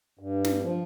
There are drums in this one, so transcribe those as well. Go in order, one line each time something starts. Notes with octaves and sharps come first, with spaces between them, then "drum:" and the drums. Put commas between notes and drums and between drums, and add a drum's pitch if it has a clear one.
G2
drum: snare
F3